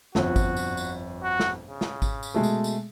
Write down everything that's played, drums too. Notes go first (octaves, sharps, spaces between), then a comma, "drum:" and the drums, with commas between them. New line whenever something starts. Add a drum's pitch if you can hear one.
G1 F2 F#4, drum: snare
drum: kick G#1, tambourine
drum: tambourine
drum: tambourine
F#4
drum: snare
C#3
drum: snare
drum: kick G#1, tambourine
drum: tambourine
B2 G#3 A3
drum: tambourine
drum: tambourine